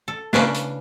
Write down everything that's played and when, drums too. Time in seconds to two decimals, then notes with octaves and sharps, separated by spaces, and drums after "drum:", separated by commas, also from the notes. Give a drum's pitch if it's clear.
0.08 A4
0.33 C#3 E3 C#4 D4, drum: snare
0.54 drum: hi-hat